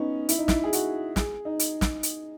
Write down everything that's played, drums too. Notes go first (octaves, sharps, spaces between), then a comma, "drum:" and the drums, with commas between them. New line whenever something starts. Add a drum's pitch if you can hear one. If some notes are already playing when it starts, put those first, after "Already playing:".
Already playing: B3 C#4 D#4
E4, drum: hi-hat
D#4
E4, drum: snare
G#4
F#4, drum: hi-hat
G#4, drum: snare
D#4
drum: hi-hat
drum: snare
drum: hi-hat